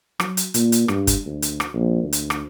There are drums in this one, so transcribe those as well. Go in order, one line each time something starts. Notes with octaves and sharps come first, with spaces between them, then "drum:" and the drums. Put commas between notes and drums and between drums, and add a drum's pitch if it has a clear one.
F#3, drum: rim click
drum: hi-hat
A#2, drum: hi-hat
drum: hi-hat
G2, drum: rim click
drum: kick, hi-hat
D2
drum: hi-hat
drum: rim click
A#1
D2
drum: hi-hat
drum: rim click